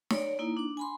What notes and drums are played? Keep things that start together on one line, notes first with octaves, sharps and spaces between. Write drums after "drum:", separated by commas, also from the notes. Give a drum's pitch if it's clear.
C#5 D5, drum: snare
A#3 D#4 E4
D4 D6
G#5 B5 C6